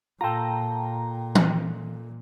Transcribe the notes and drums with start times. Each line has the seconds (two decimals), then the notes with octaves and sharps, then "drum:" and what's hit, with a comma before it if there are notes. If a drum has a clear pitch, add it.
0.21 A#2 F4 A4 G5 A#5
1.35 drum: tom E3